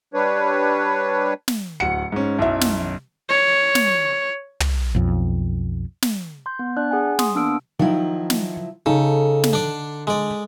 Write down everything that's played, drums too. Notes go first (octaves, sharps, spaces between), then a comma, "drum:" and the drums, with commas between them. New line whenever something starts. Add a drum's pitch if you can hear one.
G3 D4 B4 C#5
drum: snare
D1 F#5 C#7
G#2 C#4
B1 F#2 E4 E5
drum: snare
C#5
drum: snare
drum: tom
B1 F2
drum: snare
C6 G6
B3
D4 D5 F#6
G#4 F#5 G#5
C6 D#6, drum: snare
A#3 B3 D4 E6 F6 D7
D#3 F3 F#3 E4
drum: snare
C#3 D#4 A4
drum: snare
D3 D4 D5
G#3 D5